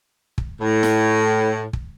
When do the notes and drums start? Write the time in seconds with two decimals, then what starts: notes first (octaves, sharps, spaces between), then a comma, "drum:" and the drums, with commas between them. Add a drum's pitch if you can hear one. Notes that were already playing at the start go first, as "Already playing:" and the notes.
0.38 drum: kick
0.60 A2
0.83 drum: snare
1.73 drum: kick